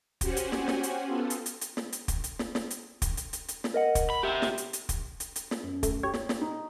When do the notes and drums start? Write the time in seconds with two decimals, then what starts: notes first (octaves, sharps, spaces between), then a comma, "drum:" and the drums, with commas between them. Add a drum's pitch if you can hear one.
0.21 C#4 F#4 G4 C5 F#5 G#5, drum: kick, hi-hat
0.37 drum: hi-hat
0.52 drum: snare
0.68 drum: snare
0.83 drum: hi-hat
1.07 B3 F4 A4
1.30 drum: hi-hat
1.46 drum: hi-hat
1.61 drum: hi-hat
1.77 drum: snare
1.93 drum: hi-hat
2.08 drum: kick, hi-hat
2.24 drum: hi-hat
2.39 drum: snare
2.55 drum: snare
2.70 drum: hi-hat
3.02 drum: kick, hi-hat
3.17 drum: hi-hat
3.33 drum: hi-hat
3.48 drum: hi-hat
3.64 drum: snare
3.74 A#4 D#5 F#5
3.95 drum: kick, hi-hat
4.10 B5
4.23 G4 E5
4.42 drum: snare
4.58 drum: hi-hat
4.73 drum: hi-hat
4.89 drum: kick, hi-hat
5.20 drum: hi-hat
5.36 drum: hi-hat
5.51 drum: snare
5.63 F#2
5.83 A3, drum: kick, hi-hat
6.03 G4 C#5 G5
6.14 drum: snare
6.29 drum: snare
6.41 D#4